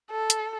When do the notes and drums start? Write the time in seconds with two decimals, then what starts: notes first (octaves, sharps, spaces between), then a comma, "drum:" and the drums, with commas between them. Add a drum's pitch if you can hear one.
0.11 A4
0.30 drum: hi-hat